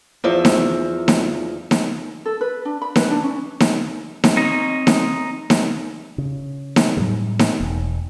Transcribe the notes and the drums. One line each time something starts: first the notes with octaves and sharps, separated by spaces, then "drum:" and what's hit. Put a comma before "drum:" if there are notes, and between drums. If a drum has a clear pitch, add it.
E2 F3 E5
drum: snare D#4
drum: snare D#4
drum: snare D#4
A4
B4
D4
B5
B4, drum: snare D#4
D4
C#4
drum: snare D#4
drum: snare D#4
C4 D#4 C#5
drum: snare D#4
drum: snare D#4
C#3
drum: snare D#4
A2 F#3 G3
drum: snare D#4
E1